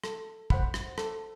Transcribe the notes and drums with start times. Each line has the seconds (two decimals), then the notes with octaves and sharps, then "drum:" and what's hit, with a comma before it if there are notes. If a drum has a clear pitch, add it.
0.04 A4, drum: rim click
0.50 C5 F#5 B5, drum: kick
0.74 drum: rim click
0.98 A4, drum: rim click